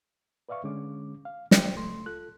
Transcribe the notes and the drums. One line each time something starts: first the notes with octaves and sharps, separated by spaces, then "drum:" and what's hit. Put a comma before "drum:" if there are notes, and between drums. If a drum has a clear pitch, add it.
B4 D5 E5 F5 C#6
D3 G#3 C#4 D6
F5
C5 D5 G5, drum: snare
C#2 A3 C6
F4 A4 F#6